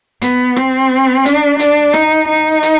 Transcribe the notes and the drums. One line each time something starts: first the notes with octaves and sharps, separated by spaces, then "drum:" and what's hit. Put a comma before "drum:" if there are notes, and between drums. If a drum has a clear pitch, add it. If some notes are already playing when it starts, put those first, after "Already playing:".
B3, drum: hi-hat
C4, drum: rim click
D4, drum: hi-hat
D4, drum: hi-hat
D#4, drum: rim click
D#4
drum: hi-hat